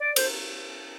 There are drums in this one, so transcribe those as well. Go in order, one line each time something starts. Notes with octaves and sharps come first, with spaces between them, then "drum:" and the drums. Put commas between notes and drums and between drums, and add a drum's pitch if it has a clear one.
D5
C5, drum: cymbal